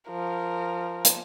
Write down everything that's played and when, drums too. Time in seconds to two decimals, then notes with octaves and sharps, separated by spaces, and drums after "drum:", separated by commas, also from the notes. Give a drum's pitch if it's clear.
0.11 F3 A#4
1.05 drum: hi-hat